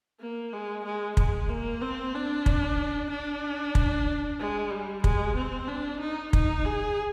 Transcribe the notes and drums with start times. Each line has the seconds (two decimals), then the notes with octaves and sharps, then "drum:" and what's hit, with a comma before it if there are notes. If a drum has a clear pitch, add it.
0.20 A#3
0.53 G#3
0.85 G#3
1.17 G#3, drum: kick
1.49 A#3
1.82 C4
2.14 D4
2.46 drum: kick
3.11 D4
3.75 drum: kick
4.39 G#3
4.71 G3
5.04 G#3, drum: kick
5.36 C4
5.68 D4
6.00 D#4
6.33 D#4, drum: kick
6.65 G#4